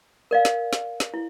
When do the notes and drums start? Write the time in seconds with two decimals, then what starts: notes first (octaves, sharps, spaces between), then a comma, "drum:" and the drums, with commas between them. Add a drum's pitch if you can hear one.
0.31 A#4 D5 F5
0.45 drum: snare
0.73 drum: snare
1.00 drum: snare
1.14 E4